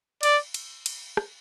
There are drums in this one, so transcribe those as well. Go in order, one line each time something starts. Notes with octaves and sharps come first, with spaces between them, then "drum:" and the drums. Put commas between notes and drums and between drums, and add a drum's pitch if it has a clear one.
D5, drum: cymbal
drum: cymbal
drum: cymbal
drum: rim click